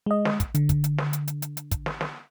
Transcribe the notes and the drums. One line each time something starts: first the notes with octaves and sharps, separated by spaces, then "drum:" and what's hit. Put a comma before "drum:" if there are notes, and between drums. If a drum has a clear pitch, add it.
G#3 D#5
drum: snare
drum: kick, hi-hat
D3, drum: hi-hat
drum: kick, hi-hat
drum: hi-hat
drum: snare
drum: hi-hat
drum: hi-hat
drum: hi-hat
drum: hi-hat
drum: kick, hi-hat
drum: snare
drum: snare